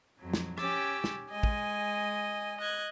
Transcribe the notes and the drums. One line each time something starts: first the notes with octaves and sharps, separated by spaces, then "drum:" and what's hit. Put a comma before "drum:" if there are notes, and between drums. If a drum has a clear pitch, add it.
F2 F#3
drum: snare
C#4 G4 C#5 D6 E6 A6, drum: rim click
drum: snare
G#3 D#5 G#5
drum: kick
D#5 F#6 G#6